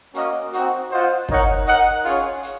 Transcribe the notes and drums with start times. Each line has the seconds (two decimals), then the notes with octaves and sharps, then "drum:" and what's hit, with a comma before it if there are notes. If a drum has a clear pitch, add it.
0.14 A#3 C#4 F#4 A#4 D#5, drum: hi-hat
0.53 C4 D#4 F#4, drum: hi-hat
0.91 F4 C5 D#5 F#5
1.29 D#4 A#4 C#5 F#5, drum: kick
1.66 D#4 A#4 D#5 F#5, drum: hi-hat
2.05 C#4 F4 G#4 C#5, drum: hi-hat
2.43 drum: hi-hat